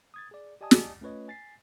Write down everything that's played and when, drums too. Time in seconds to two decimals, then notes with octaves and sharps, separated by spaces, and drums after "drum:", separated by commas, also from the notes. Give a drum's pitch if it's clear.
0.14 D#6 G#6 A6
0.31 G#4 D5
0.61 G4 D5 D#5 G#5 A5 D#6
0.71 drum: snare
1.01 A3 C#4 F4 B4 C#5 D#5
1.28 G#5 A6 B6 C7